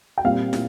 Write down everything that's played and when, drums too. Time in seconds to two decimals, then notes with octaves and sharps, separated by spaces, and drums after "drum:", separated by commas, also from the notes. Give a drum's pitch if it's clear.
0.18 G5
0.24 A#2 G3 C4 F5
0.53 A#2, drum: snare